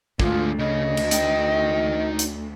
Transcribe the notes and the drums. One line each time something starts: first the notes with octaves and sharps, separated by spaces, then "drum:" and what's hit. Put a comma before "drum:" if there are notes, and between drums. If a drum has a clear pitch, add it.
D2 D3 G#3 F4, drum: kick
C#3 D#5
drum: cymbal
D#4 G5, drum: hi-hat
drum: hi-hat